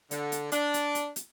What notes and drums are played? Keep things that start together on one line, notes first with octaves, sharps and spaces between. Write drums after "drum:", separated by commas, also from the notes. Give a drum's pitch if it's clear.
D3, drum: hi-hat
drum: hi-hat
D4, drum: hi-hat
drum: hi-hat
drum: hi-hat
drum: hi-hat